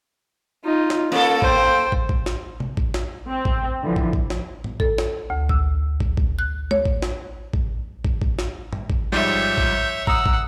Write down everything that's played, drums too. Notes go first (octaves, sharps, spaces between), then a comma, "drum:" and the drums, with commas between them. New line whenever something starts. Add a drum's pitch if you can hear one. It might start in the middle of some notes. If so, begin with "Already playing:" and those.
D#4 F4
drum: snare
A#3 C#4 A4
C5 G5, drum: kick
drum: kick
drum: kick
drum: snare
drum: tom C3
drum: kick
drum: snare
C4
drum: kick
D3 E3 F3
drum: kick
drum: kick
drum: snare
drum: tom
A4, drum: kick
drum: snare
D2
E6, drum: kick
drum: kick
drum: kick
F#6
C#5, drum: tom
drum: kick
drum: snare
drum: kick
drum: kick
drum: kick
drum: snare
drum: tom G2
drum: kick
G#2 F3 G3 C#5 E5 G6
drum: kick
F#5 A#5 D#6 E6, drum: kick
drum: kick